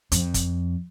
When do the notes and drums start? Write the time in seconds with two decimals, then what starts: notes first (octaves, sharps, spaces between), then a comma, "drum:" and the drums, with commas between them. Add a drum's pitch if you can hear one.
0.12 F2, drum: hi-hat
0.34 drum: kick, hi-hat